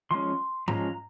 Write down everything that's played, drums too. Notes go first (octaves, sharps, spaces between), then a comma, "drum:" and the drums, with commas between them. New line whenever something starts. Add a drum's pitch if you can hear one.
F3 G#3 C#4 C6
F3 G#3 C#4 A#5, drum: tom G#2